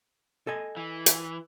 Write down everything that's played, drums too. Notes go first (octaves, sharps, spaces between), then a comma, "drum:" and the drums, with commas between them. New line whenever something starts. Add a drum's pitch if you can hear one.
A4 D#5 G#5
E3
drum: hi-hat